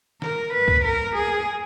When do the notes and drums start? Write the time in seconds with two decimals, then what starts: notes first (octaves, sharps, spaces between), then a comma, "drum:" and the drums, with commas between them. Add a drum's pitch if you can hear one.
0.22 A#4, drum: snare
0.54 B4
0.68 drum: kick
0.85 A#4
1.16 G#4